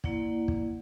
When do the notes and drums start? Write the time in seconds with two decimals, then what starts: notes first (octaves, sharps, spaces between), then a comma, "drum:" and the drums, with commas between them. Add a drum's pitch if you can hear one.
0.04 A#3 E4 D5 F#5, drum: kick
0.48 drum: kick